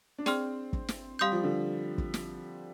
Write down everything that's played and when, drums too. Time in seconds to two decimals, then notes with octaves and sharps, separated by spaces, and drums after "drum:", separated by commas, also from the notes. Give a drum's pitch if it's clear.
0.18 D4
0.26 C4 G#4 D5 G5 C6 F6, drum: snare
0.73 drum: kick
0.88 drum: snare
1.19 G3 F5 C6 D#6 G6
1.32 F3
1.44 D3
1.98 drum: kick
2.14 drum: snare